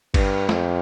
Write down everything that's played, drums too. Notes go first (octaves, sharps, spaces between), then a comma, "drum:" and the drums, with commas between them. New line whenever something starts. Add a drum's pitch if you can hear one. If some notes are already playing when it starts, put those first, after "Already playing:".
G2, drum: kick G#1, cymbal
F2, drum: snare